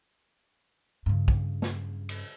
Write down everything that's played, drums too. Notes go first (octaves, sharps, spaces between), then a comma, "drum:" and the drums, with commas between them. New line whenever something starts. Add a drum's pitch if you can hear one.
G2 C#3
drum: kick
drum: snare
drum: cymbal